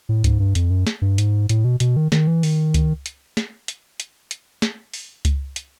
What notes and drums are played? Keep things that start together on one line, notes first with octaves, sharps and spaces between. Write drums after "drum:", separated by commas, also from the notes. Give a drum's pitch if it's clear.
A2
G#2, drum: kick C#2, hi-hat
G2
F2, drum: hi-hat
F#2
drum: snare
G2
G#2, drum: hi-hat
A2, drum: hi-hat
B2
B2, drum: hi-hat
D#3
D#3, drum: snare
E3
D#3, drum: open hi-hat
drum: kick C#2, hi-hat
drum: hi-hat
drum: snare
drum: hi-hat
drum: hi-hat
drum: hi-hat
drum: snare
drum: open hi-hat
drum: kick C#2, hi-hat
drum: hi-hat